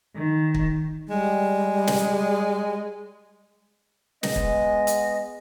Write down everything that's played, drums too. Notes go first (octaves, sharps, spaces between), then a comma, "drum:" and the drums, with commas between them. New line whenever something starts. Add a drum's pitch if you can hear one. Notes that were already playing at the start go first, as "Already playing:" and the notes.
D#3
drum: kick
G3 G#3
drum: snare
G#3 B3 D#5, drum: snare
drum: kick
drum: hi-hat